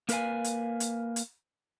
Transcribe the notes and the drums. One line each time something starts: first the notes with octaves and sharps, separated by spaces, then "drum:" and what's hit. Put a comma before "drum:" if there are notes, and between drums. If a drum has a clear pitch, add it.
A#3 A#4 B4 E5 F5 G#5, drum: hi-hat
drum: hi-hat
drum: hi-hat
drum: hi-hat